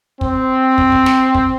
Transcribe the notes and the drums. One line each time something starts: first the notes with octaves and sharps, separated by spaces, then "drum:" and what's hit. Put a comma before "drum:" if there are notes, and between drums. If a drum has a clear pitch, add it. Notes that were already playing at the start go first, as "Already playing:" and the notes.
C4, drum: kick
drum: kick
drum: kick
drum: snare
drum: kick